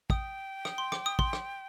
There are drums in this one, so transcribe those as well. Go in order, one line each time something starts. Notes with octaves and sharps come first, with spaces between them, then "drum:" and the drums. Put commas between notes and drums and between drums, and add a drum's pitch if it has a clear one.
G5 D#6, drum: kick
D#6, drum: rim click
C6
D6, drum: rim click
D#6
C6, drum: kick
drum: rim click